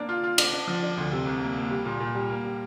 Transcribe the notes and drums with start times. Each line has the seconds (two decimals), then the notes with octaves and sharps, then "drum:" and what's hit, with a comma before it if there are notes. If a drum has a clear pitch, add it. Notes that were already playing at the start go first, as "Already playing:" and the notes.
Already playing: A#3 D4
0.09 F4
0.24 F4
0.38 D4, drum: cymbal
0.53 D4
0.68 F3
0.82 D4
0.97 D2
1.12 C3
1.26 C2
1.41 A#3
1.56 A#3
1.71 G3
1.86 A#2
2.00 A#2
2.15 G3
2.30 A#3
2.44 G3